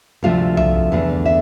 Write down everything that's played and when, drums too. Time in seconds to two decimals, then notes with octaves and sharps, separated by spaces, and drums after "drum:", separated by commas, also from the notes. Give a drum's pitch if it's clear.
0.23 D2 C3 F3 A3 F5
0.57 E5, drum: tom B1
0.92 E2 D3 A3
1.25 E5